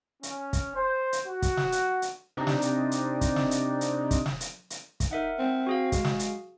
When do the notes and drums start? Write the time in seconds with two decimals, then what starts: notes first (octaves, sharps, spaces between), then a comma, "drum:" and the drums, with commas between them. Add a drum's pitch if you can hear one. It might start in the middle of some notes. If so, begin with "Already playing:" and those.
0.23 C#4, drum: hi-hat
0.53 drum: kick, hi-hat
0.75 C5
1.13 drum: hi-hat
1.26 F#4
1.42 drum: kick, hi-hat
1.57 drum: snare
1.72 drum: hi-hat
2.02 drum: hi-hat
2.37 C3 D4 D#4
2.47 drum: snare
2.62 drum: hi-hat
2.91 drum: hi-hat
3.21 drum: kick, hi-hat
3.36 drum: snare
3.51 drum: hi-hat
3.81 drum: hi-hat
4.11 drum: kick, hi-hat
4.26 drum: snare
4.41 drum: hi-hat
4.70 drum: hi-hat
5.00 drum: kick, hi-hat
5.11 D#4 A#4 E5 F#5
5.39 C4
5.67 F#4 G#4 F5
5.92 G#3, drum: kick, hi-hat
6.04 drum: snare
6.19 drum: hi-hat